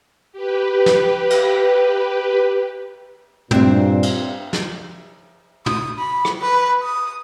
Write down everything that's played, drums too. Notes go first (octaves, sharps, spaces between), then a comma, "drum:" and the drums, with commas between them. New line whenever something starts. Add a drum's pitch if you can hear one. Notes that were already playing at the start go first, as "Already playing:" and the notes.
G4 B4
drum: snare
drum: cymbal
G2 A#2 C4 D4 E5, drum: tom
drum: cymbal
drum: snare
D#6, drum: tom
B5
drum: rim click
B4
D#6